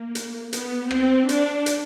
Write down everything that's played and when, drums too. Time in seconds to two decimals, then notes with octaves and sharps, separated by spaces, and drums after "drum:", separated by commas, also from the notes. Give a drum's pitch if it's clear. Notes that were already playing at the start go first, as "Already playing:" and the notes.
Already playing: A#3
0.15 drum: hi-hat
0.53 B3, drum: hi-hat
0.91 C4, drum: rim click
1.29 D4, drum: hi-hat
1.66 drum: hi-hat